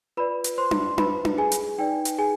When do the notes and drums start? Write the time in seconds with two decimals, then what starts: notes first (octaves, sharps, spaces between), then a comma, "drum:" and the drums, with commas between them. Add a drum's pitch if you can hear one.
0.17 F4 B4 D5 B5
0.44 drum: hi-hat
0.58 C5 C6
0.71 drum: tom D4
0.98 B4 B5, drum: tom D4
1.25 drum: tom D4
1.38 G#4 G#5
1.52 drum: hi-hat
1.78 D#4 B4 D5 G5
2.05 drum: hi-hat
2.19 G#4 G#5